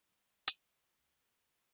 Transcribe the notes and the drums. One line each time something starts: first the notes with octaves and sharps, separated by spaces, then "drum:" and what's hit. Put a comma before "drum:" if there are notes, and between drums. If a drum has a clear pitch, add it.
G3
drum: hi-hat
C#2
B3